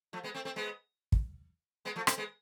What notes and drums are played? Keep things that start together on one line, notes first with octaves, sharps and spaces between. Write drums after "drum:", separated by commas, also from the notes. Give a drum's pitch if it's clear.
F3 A3
G#3 B3
A3 C4
A3 C4
G#3 B3
drum: kick
G#3 B3
F3 A3
A3 C4, drum: rim click
G#3 B3